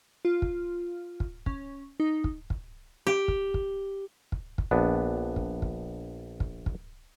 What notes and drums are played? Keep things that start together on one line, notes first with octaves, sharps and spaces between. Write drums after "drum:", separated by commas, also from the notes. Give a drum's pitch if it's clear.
F4
drum: kick
drum: kick
C#4, drum: kick
D#4
drum: kick
drum: kick
G4
drum: kick
drum: kick
drum: kick
drum: kick
A#1 B3 D4
drum: kick
drum: kick
drum: kick
drum: kick